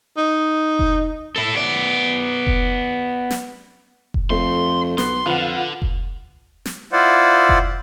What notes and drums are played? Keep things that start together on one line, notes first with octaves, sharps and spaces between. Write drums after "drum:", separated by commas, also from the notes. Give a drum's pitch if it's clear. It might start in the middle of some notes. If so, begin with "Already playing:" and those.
D#4
drum: kick F1
E4 A4
B3 D5
drum: kick F1
drum: snare
drum: kick F1
F2 A3 C6
B1 B3 C6, drum: snare
F2 D3 F4 B4 F#5
drum: kick F1
drum: snare
E4 F4 C5 D5 F#5
drum: kick F1